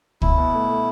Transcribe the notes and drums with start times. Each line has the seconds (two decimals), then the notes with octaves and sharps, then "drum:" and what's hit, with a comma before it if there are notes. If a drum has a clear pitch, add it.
0.22 B2 E4, drum: kick
0.38 B2
0.53 A3
0.69 A3